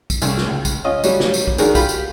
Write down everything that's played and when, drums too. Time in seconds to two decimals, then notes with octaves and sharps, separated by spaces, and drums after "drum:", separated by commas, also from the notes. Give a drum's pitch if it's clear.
0.10 drum: kick, tambourine
0.22 C2 C#3, drum: tambourine
0.37 drum: snare
0.47 C#2
0.65 drum: kick, tambourine
0.84 C#4 F4 D#5
1.04 F#3 G3 C#4, drum: tambourine
1.20 drum: snare
1.34 drum: tambourine
1.47 drum: kick
1.58 D#3 G#3 D4 F#4 G#4 A#4, drum: tambourine
1.75 F4 G4 B5, drum: kick, tambourine
1.89 drum: tambourine